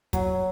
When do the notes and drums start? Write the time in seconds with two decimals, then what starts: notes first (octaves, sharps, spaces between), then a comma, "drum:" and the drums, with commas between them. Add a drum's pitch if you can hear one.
0.13 F#3, drum: kick, hi-hat